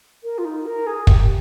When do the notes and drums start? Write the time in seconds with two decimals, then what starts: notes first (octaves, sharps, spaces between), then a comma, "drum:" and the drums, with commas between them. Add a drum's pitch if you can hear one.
0.23 A#4
0.38 F4
0.44 D#4
0.65 A#4
0.86 G#4
1.07 G4, drum: kick